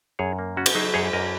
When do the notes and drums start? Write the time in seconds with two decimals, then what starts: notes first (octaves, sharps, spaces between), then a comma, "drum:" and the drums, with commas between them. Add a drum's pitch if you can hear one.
0.19 F#2 G#4 C#5
0.39 A#3
0.57 C#3 C#4 F#4
0.66 drum: cymbal
0.75 F#3 D#4 G#4
0.94 F#2 G#4 C#5
1.13 F#2 A#4 D#5